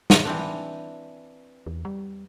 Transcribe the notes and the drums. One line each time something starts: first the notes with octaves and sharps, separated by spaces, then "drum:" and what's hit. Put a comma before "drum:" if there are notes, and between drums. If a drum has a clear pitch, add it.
drum: snare
E3 C4 D4
E2
G3